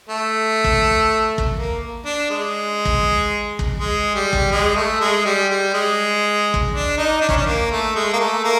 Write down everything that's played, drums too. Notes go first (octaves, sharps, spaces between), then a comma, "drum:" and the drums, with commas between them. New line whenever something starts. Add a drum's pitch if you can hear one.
A3
drum: kick
drum: kick
A#3
D4
G#3
drum: kick
drum: kick
G#3
G3
drum: kick
G#3
A3
G#3
G3
G3
G#3
drum: kick
D4
D#4
D4
C#4, drum: kick
D4
A#3
A3
G#3
A#3
A3
A#3